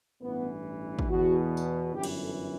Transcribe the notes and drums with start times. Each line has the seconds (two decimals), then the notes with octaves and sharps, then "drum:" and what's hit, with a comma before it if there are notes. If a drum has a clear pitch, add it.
0.22 A1 G2 E3 B3
0.99 drum: kick
1.09 E2 B2 F#4
1.57 drum: tambourine
1.94 G1 F#2 E3 G4
2.03 drum: cymbal
2.23 A4